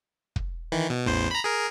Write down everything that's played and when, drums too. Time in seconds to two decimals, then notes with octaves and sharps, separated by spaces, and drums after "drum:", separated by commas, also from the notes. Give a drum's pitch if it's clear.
0.36 drum: kick
0.72 D#3 E3
0.90 B2
1.06 A1 E2 C5
1.31 A#5 B5
1.44 G#4 A#4